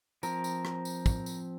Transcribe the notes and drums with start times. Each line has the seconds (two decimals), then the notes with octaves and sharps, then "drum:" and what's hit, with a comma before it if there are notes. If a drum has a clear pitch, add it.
0.23 F3 C4 A#4, drum: tambourine
0.44 drum: tambourine
0.65 drum: rim click
0.85 drum: tambourine
1.06 drum: kick, tambourine
1.26 drum: tambourine